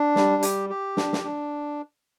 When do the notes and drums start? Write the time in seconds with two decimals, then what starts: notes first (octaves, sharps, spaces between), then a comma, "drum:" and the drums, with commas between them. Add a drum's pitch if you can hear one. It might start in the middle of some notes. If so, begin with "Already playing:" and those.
Already playing: D4
0.16 G3, drum: snare
0.43 G4, drum: hi-hat
0.70 G4
0.97 D4, drum: snare
1.13 drum: snare
1.24 D4